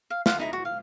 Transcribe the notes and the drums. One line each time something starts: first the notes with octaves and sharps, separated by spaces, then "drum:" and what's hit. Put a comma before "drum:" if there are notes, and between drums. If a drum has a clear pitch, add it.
F5
F4 F5 F#5, drum: snare
D#4 E4 A#5
F#4
F5